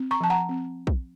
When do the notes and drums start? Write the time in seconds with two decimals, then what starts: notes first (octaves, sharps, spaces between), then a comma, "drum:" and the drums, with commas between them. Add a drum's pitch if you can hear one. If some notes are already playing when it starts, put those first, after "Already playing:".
Already playing: C4
0.11 A#5 C#6
0.21 F3 A5
0.30 F#5 A#5
0.49 C4
0.87 drum: kick